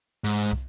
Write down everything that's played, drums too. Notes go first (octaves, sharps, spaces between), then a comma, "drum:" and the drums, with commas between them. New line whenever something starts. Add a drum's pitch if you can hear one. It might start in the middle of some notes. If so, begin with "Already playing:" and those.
G#2
drum: kick